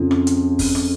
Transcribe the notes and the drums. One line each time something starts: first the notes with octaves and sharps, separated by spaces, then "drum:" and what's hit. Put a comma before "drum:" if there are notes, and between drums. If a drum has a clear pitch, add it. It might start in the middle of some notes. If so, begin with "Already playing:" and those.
Already playing: F2 C#3 F3
drum: rim click
drum: hi-hat
drum: kick, open hi-hat
drum: rim click